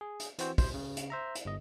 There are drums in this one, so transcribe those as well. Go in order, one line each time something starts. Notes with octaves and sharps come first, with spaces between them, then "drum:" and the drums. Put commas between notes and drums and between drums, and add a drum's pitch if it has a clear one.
G#4
drum: hi-hat
E3 C4 F#4 C5, drum: hi-hat
C5, drum: kick, open hi-hat
C#3
drum: hi-hat
C5 E5 A#5
drum: hi-hat
G1 D#5